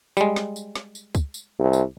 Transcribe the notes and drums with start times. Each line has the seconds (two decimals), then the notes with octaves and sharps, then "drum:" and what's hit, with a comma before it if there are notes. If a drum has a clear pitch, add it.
0.17 G3 G#3, drum: tambourine
0.36 drum: snare
0.56 drum: tambourine
0.75 drum: snare
0.95 drum: tambourine
1.15 drum: kick C#2, tambourine
1.34 drum: tambourine
1.59 C2
1.73 drum: tambourine